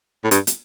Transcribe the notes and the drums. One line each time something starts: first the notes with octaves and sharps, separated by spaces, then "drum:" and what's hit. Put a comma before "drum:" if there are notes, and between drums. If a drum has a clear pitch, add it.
A2
G2, drum: hi-hat
drum: hi-hat